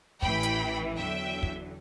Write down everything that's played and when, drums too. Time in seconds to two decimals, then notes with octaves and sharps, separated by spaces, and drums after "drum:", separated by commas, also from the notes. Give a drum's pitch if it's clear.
0.22 A1 A2 E3 G5 B5, drum: kick
0.43 drum: hi-hat
0.97 E2 D3 F#3 E5 G5
1.43 drum: kick